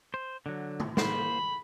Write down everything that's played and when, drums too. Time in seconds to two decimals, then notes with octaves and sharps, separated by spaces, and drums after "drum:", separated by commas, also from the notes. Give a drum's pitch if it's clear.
0.14 C5
0.46 D3 F#3
0.80 drum: tom
0.97 A#3 C5 B5, drum: snare